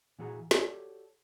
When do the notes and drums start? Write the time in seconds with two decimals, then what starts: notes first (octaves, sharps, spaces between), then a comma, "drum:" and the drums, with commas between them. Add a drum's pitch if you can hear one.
0.19 A#2 E3 F#4 G#4 A#5
0.51 F#4 G4 A4 C#5 D5, drum: snare